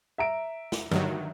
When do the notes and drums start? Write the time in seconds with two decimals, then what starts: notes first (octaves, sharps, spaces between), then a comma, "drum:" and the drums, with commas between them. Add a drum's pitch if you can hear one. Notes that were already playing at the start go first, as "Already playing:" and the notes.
0.18 E5 A#5 D7
0.72 drum: snare
0.91 G2 D#3 F#3, drum: tom D3